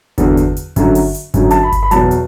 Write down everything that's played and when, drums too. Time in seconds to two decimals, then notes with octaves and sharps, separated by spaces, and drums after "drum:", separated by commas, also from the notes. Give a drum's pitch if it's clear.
0.18 E2 D3 F#3, drum: kick G1, hi-hat
0.37 drum: hi-hat
0.57 drum: hi-hat
0.76 F#2 D3 F#3, drum: kick G1, hi-hat
0.95 drum: open hi-hat
1.14 drum: hi-hat
1.34 F#2 D3 F#3, drum: kick G1, hi-hat
1.51 A5, drum: hi-hat
1.63 B5
1.72 drum: kick G1, hi-hat
1.83 B5
1.91 E2 B2 F#3 A5, drum: hi-hat
2.11 drum: hi-hat